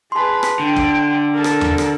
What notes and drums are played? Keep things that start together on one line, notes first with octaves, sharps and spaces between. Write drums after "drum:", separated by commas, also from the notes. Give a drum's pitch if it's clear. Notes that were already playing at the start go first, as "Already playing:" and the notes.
G#4 B4 A5 C6
drum: rim click
D3 G5
drum: kick
A4 A#4
drum: rim click
drum: tom E2
drum: rim click